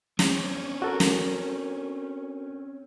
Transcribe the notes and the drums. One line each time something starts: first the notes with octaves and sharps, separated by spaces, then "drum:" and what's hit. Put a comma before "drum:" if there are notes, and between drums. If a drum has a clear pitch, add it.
C4 C#4, drum: snare
F#4 A4 A#4
drum: snare